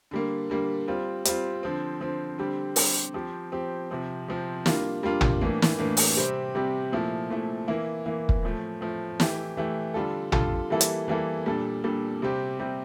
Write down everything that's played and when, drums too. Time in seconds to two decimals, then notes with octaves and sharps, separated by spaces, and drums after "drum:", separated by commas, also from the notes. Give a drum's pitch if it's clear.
0.11 D3 G3 A#3
0.50 D3 G3 A#3
0.88 G3 C4 F4
1.25 G3 C4 F4, drum: hi-hat
1.63 D3 F3 C4
2.01 D3 F3 C4
2.38 D3 G3 C4 G4
2.76 D3 G3 C4 G4, drum: open hi-hat
3.14 F3 C4 G4
3.52 F3 C4 G4
3.90 C3 F3 C4
4.28 C3 F3 C4
4.66 G3 A#3 D4 F4, drum: snare
5.03 G3 A#3 D4 F4
5.21 drum: tom
5.41 A2 E3 A#3 D4
5.62 drum: snare
5.79 A2 E3 A#3 D4
5.97 drum: open hi-hat
6.16 C3 G3 C4 G4
6.55 C3 G3 C4 G4
6.92 A#2 F3 A3 E4
7.30 A#2 F3 A3 E4
7.68 E3 A#3 E4
8.06 E3 A#3 E4
8.29 drum: kick
8.43 A2 F3 A3
8.81 A2 F3 A3
9.20 E3 A3 E4 G4, drum: snare
9.57 E3 A3 E4 G4
9.94 D3 G3 D4 F4 A4
10.32 D3 G3 D4 F4 A4, drum: tom
10.70 E3 G3 A#3 E4 A4
10.81 drum: hi-hat
11.08 E3 G3 A#3 E4 A4
11.46 A#2 G3 D4 A4
11.84 A#2 G3 D4 A4
12.22 C3 G3 C4 G4
12.60 C3 G3 C4 G4